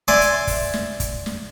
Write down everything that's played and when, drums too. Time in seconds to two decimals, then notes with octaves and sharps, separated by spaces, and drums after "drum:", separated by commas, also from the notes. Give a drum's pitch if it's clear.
0.08 D5 E5 G#5 C6, drum: snare
0.21 drum: hi-hat
0.47 drum: kick, open hi-hat
0.74 drum: snare
1.00 drum: kick, hi-hat
1.26 drum: snare